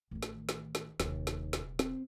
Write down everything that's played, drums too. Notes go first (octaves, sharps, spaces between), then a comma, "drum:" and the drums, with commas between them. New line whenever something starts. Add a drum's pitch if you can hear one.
A1 D#3
drum: snare
drum: snare
drum: snare
D#1 D#2 C3, drum: snare
drum: snare
drum: snare
C4, drum: snare